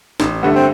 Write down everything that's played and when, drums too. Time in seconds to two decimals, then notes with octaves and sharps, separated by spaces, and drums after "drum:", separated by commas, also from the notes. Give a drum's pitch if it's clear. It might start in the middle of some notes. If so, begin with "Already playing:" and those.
0.20 A1, drum: snare
0.43 G2 D3 A3 B3
0.55 C4